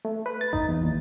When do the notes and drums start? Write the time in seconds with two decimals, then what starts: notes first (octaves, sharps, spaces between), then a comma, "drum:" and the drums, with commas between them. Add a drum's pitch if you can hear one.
0.05 A3
0.26 B4
0.41 A6
0.53 D#4, drum: kick A1
0.69 E2
0.84 D#2